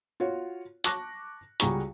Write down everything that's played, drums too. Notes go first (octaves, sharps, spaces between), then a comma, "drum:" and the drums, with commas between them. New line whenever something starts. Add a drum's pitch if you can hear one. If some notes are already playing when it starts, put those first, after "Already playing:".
F4 F#4 C#5
A5 C#6 D6 F#6 A#6, drum: hi-hat
C#2 G3 F#4 G#4 A#5 C#6, drum: hi-hat